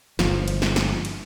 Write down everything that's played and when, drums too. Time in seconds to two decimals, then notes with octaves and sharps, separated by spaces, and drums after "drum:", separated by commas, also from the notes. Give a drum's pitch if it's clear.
0.19 G1 F3, drum: snare
0.48 drum: cymbal
0.62 drum: snare
0.76 drum: snare
1.05 drum: cymbal